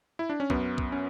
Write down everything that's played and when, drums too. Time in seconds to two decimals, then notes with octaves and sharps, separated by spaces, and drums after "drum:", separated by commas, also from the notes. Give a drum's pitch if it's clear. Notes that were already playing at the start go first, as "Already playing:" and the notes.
0.19 E4
0.29 D4
0.40 C#4
0.50 F#2 B3, drum: kick
0.78 drum: kick
0.92 C#4